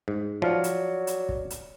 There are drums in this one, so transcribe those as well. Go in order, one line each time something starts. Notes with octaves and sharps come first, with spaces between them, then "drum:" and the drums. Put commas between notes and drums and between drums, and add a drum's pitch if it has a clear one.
G#2
F3 F#3 D5 F6 C#7
drum: hi-hat
drum: hi-hat
drum: kick
drum: hi-hat